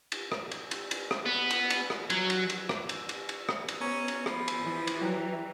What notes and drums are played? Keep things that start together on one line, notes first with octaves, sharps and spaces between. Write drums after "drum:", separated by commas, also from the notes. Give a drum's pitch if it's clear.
drum: cymbal
drum: rim click
drum: cymbal
drum: cymbal
drum: cymbal
drum: rim click
B3
drum: cymbal
drum: cymbal
drum: rim click
F#3, drum: cymbal
drum: cymbal
drum: cymbal
drum: rim click
drum: cymbal
drum: cymbal
drum: cymbal
drum: rim click
drum: cymbal
B3 C#4 C5 A#5 C#6
drum: cymbal
F3 B5 C7, drum: rim click
drum: cymbal
E3
drum: cymbal
F#3 G5 A#5 F#6